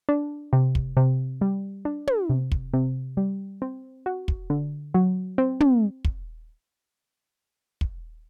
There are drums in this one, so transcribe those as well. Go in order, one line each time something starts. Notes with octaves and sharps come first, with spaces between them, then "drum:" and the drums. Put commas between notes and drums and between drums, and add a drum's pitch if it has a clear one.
D4
C3
drum: kick
C3
G3
D4
drum: tom
C3
drum: kick
C3
G3
C4
F#4
drum: kick
D3
F#3
C4
drum: tom
drum: kick
drum: kick